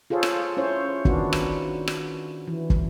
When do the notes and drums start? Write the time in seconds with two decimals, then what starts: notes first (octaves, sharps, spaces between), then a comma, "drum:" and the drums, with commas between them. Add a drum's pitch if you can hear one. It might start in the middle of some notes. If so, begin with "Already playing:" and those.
0.10 F4 G#4 A4 C5 C#5
0.23 drum: rim click
0.57 C#4 E4 C5 C#5
1.05 D#3 B3 C#4 D4 F#4, drum: kick
1.33 drum: rim click
1.88 drum: rim click
2.47 E3
2.70 drum: kick